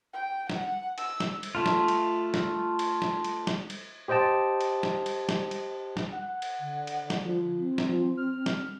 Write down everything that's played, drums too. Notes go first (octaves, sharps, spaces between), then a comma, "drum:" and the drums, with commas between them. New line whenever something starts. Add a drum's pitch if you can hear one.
G5
F#5, drum: snare
E6, drum: cymbal
drum: snare
drum: cymbal
A3 F4
drum: snare
drum: cymbal
drum: snare
drum: cymbal
drum: snare
drum: cymbal
drum: snare
drum: cymbal
G4 C5 D#5 G5 A5
drum: cymbal
drum: snare
drum: cymbal
drum: snare
drum: cymbal
drum: snare
F#5
drum: cymbal
D3
drum: cymbal
drum: snare
F3
C4
drum: snare
F3
F6
drum: snare